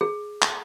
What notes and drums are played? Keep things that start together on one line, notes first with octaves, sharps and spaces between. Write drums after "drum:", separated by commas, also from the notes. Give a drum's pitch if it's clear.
G#4
drum: clap